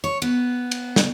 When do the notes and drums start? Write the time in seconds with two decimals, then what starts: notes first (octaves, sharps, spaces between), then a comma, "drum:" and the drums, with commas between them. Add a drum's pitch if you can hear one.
0.04 C#5
0.22 B3, drum: cymbal
0.71 drum: cymbal
0.96 drum: snare